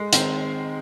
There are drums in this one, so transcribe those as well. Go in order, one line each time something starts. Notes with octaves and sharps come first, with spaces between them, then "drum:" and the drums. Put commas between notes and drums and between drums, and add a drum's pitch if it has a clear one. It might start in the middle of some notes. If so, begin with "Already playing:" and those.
Already playing: G#3
D#3 C4, drum: hi-hat